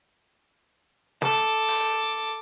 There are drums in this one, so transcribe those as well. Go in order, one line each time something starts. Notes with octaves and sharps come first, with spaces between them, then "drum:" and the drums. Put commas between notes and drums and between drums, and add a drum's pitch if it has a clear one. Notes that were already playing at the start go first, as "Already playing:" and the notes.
A4 D6, drum: snare
drum: open hi-hat